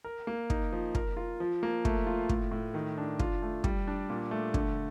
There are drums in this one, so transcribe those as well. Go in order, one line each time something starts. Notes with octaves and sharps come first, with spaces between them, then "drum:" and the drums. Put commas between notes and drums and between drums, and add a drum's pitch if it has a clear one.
A#4
A#3
D#4, drum: kick
F3
A#4, drum: kick
F4
F3
A#3
A3, drum: kick
F4
A2, drum: kick
A2
D#3
D4
F4, drum: kick
A3
G3, drum: kick
D4
A#2
A3
D3, drum: kick